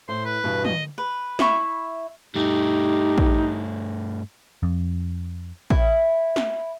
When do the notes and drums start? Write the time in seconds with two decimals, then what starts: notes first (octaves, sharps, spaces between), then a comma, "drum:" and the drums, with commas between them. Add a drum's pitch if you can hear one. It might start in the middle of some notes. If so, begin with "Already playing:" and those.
0.09 A2 C5
0.26 B4
0.44 E2 G2 B2
0.65 D#5, drum: tom
0.98 B4
1.39 E4 E5 B5 C#6, drum: snare
2.36 G2 A3 D#4 G4
3.18 drum: kick
4.63 F2
5.70 E4, drum: kick
6.36 drum: snare